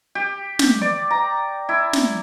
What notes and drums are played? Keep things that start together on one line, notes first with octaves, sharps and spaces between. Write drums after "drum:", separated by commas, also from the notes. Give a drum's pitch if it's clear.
G4
drum: snare
D5
A#5
E4
drum: snare